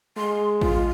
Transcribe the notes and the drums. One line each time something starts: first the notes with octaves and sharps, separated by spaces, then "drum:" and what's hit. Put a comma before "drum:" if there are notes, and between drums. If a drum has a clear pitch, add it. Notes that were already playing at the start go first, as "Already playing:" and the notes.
G#3 C6
F4, drum: kick A1